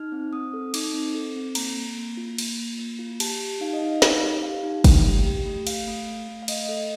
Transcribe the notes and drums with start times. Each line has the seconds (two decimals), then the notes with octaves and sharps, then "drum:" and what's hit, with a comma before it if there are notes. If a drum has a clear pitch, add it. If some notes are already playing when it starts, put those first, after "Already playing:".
Already playing: D#4 F6
0.12 C4
0.33 C4 D#6
0.53 A4
0.74 D#4 D6, drum: cymbal
0.94 C4
1.15 A4
1.36 C4
1.55 A#3 A#5, drum: cymbal
1.77 A#3
1.97 A#3
2.17 F4
2.38 A#3, drum: cymbal
2.58 A#3
2.79 A#3
2.99 F4
3.20 G4 A5, drum: cymbal
3.40 G4
3.61 D#4 F5
3.73 D#5
3.82 D#4 F5
4.02 D#4, drum: snare
4.23 G4
4.43 G4 F5
4.63 D#4
4.84 A3 G5, drum: kick, cymbal
5.05 G4
5.26 G4
5.46 A3
5.67 A3 F5, drum: cymbal
5.87 A3
6.07 A3
6.29 A3
6.43 F5
6.48 A3 D#5, drum: cymbal
6.69 A4